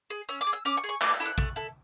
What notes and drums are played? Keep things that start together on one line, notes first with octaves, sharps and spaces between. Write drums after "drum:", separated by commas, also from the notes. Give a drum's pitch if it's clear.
G#4
C#4 E6
D6
G#4
E6
C#4 D6
C#6
G#4
C#6
A3 D6, drum: clap
E6
E4 A4
F#6
A3, drum: kick
E4 A4